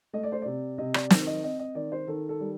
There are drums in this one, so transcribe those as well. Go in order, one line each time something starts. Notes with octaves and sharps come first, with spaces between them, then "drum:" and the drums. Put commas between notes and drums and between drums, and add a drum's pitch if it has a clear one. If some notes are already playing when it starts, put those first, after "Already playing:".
A3 D#5
D5
C5
C3 D5
C3 D#5
D5, drum: rim click
D#3, drum: snare
D#5
C4 D#5
D#5
D#3 D5
C5
D#3 A4
A4
G3